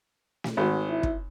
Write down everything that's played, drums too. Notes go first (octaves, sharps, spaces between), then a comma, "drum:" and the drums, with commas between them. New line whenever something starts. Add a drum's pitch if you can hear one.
drum: snare
G#1 F#4
E4
drum: kick